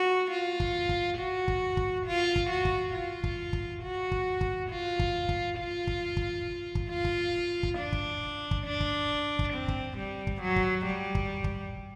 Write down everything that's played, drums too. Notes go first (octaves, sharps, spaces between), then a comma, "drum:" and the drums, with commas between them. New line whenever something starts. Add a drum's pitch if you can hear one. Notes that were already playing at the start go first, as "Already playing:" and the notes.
Already playing: F#4
F4
drum: kick
drum: kick
F#4
drum: kick
drum: kick
F4
drum: kick
F#4
drum: kick
F4
drum: kick
drum: kick
F#4
drum: kick
drum: kick
F4
drum: kick
drum: kick
F4
drum: kick
drum: kick
drum: kick
F4
drum: kick
drum: kick
D4
drum: kick
drum: kick
D4
drum: kick
drum: kick
C4
drum: kick
G3
drum: kick
F#3
drum: kick
G3
drum: kick
drum: kick